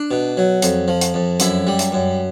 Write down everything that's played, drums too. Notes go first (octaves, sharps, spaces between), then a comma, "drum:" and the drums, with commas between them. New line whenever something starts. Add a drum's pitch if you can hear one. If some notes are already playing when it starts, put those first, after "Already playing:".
Already playing: D4
B2
F#3
F2, drum: hi-hat
F3
drum: hi-hat
F2
F#2 E4, drum: hi-hat
G3
drum: hi-hat
F#2